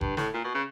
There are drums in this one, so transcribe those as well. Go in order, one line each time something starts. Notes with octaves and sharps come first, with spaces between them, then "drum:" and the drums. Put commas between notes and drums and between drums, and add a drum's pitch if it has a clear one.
G2, drum: kick F#1
A2, drum: snare
A#2
B2
C#3